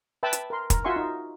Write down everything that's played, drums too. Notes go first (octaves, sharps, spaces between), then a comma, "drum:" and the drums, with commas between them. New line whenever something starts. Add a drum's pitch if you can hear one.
B4 E5 G5 A5 B5
drum: hi-hat
A#4 C6
A#4, drum: kick, hi-hat
F4 F#4 E5 G#5 C6 C#6
D#4